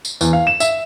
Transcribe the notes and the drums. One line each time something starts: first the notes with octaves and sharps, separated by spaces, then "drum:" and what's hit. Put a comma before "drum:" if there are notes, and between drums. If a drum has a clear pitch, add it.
drum: tambourine
E2, drum: tambourine
F5
E7
E5, drum: tambourine